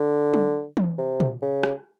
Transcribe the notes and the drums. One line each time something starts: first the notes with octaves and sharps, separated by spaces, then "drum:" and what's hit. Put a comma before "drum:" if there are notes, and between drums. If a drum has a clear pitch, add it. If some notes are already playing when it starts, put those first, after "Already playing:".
Already playing: D3
drum: tom F#3
drum: tom E3
C3
drum: tom A#2
C#3
drum: rim click